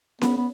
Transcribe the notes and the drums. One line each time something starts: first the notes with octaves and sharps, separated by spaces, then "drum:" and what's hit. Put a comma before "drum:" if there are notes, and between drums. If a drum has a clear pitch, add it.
B3, drum: snare C#4
B3